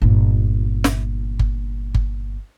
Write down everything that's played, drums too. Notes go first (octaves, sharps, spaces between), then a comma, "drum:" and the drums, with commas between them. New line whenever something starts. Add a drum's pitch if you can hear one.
G1 A#2
drum: snare
drum: kick G1
drum: kick G1